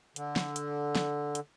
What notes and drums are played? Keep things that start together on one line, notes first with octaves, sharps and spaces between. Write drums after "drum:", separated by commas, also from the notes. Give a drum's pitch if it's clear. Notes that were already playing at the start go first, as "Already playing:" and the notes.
D3, drum: hi-hat
drum: snare
drum: hi-hat
drum: snare
drum: hi-hat